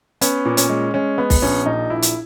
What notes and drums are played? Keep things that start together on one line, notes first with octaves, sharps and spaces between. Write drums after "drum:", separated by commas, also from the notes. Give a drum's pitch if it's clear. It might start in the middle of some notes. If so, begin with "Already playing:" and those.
B3 C#4, drum: hi-hat
A#2
C#4, drum: hi-hat
G#3
G#3 C#4
B3
drum: kick, open hi-hat
A#1 C#4
A#2 D#4
A#1 E4
drum: hi-hat